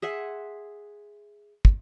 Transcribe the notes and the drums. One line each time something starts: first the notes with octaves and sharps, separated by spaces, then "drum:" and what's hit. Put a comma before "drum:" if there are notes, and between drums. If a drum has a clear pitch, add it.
G#4 E5 F#5 C6
drum: kick